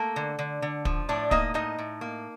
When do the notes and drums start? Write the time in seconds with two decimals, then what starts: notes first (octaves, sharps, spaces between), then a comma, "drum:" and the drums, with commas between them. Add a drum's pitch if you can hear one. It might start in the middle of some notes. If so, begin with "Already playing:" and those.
Already playing: A3 A#3 A4
0.16 D3
0.39 D3
0.62 D3
0.85 F3, drum: kick
1.09 A2 D4 D5
1.31 A#3 D#4 D#5, drum: kick
1.54 A2 D#4 D#5
1.79 A2
2.01 A#3